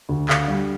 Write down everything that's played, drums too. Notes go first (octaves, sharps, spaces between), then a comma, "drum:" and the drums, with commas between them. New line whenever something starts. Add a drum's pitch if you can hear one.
D2
D3 F5, drum: clap
G3